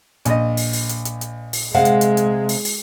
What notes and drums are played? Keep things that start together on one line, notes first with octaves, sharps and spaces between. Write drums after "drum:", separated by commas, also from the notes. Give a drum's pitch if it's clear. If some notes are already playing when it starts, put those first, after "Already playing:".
A#1 D#5, drum: hi-hat
drum: open hi-hat
drum: open hi-hat
drum: hi-hat
drum: hi-hat
drum: hi-hat
drum: open hi-hat
C3 G#3 F5 F#5
drum: hi-hat
drum: hi-hat
drum: hi-hat
drum: open hi-hat
drum: open hi-hat